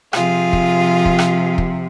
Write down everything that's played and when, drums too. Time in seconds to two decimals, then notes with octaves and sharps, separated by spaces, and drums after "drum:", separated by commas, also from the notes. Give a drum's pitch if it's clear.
0.13 C3 F3 F4 G#4, drum: rim click
0.53 drum: kick
1.05 drum: kick
1.19 drum: rim click
1.58 drum: kick